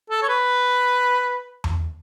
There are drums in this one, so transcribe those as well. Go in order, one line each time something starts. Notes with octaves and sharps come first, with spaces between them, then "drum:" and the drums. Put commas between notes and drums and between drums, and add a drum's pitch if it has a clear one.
A4
C#5
B4
drum: tom E2